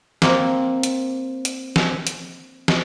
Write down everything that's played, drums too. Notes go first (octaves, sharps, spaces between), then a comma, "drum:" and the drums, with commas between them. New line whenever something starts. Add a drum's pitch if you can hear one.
A#3 C4, drum: snare
drum: hi-hat
drum: hi-hat
drum: snare
drum: hi-hat
drum: snare